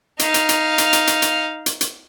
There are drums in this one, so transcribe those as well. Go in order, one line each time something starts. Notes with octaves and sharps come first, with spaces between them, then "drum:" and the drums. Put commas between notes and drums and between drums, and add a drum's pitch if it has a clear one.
D#4 F5, drum: hi-hat
drum: hi-hat
drum: hi-hat
drum: hi-hat
drum: hi-hat
drum: hi-hat
drum: hi-hat
drum: hi-hat
drum: hi-hat